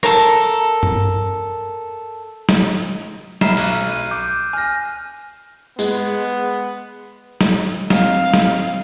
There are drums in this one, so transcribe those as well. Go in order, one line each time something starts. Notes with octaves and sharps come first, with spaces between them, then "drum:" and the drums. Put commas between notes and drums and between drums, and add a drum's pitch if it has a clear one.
A4 A#4, drum: rim click
drum: tom G2
drum: snare
E5 A#5 B5 F6 C7 E7, drum: snare
B1 F6 F#6 D#7, drum: open hi-hat
D#7
D6 G6
G#5 F6 A#6
G#3 B3, drum: tambourine
drum: snare
C4 F5, drum: snare
drum: snare